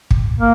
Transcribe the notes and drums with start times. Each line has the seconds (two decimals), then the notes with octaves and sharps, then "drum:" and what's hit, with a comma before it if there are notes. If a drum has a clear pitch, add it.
0.11 drum: kick
0.39 A#3